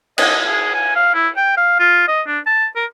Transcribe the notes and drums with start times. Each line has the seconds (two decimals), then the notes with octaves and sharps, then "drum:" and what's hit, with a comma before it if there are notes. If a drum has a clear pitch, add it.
0.18 D#5, drum: cymbal
0.48 G#4
0.74 G#5
0.95 F5
1.14 E4
1.37 G5
1.57 F5
1.79 F4
2.08 D#5
2.27 D4
2.46 A5
2.76 A#4